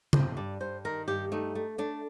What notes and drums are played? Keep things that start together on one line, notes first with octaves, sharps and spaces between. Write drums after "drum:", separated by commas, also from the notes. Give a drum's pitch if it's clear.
G2 C5, drum: tom C#3
G2 D5
G2 C5
D#3 A#4
G2 G4
A3 D#4
A3
A3 D4